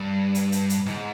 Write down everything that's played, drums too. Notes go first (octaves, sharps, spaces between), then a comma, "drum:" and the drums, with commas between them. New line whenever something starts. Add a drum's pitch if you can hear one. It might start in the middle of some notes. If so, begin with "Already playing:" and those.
Already playing: G2
drum: hi-hat
drum: hi-hat
drum: hi-hat
G#2, drum: snare